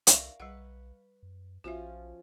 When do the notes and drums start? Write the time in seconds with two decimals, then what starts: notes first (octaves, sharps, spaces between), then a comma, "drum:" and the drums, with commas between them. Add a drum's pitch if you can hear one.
0.07 C2 A#4 D5 E5 F5 C#6, drum: hi-hat
0.40 B1 G3 B4 F#5 C#6
1.23 F#2
1.64 A#1 F3 C#4 F4 F#4 E5